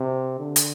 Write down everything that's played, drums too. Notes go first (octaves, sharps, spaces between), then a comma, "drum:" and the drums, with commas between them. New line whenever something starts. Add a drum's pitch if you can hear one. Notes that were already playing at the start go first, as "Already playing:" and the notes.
Already playing: C3
D3
drum: hi-hat